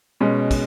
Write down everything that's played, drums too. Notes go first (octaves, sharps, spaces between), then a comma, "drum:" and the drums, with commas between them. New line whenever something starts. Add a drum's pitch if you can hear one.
B2 G#3 C#4
drum: kick, cymbal